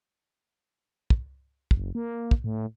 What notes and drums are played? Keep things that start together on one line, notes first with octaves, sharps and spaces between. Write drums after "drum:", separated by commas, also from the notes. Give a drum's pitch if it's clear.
drum: kick
F#1, drum: kick
A#3
drum: kick
A2